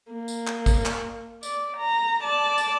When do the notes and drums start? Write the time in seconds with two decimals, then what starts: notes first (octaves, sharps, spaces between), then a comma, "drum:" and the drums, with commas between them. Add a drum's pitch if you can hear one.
0.12 A#3
0.28 drum: tambourine
0.47 drum: clap
0.66 drum: kick, tambourine
0.85 drum: clap
1.43 D5, drum: tambourine
1.77 A#5
2.23 D5 A5
2.58 drum: tambourine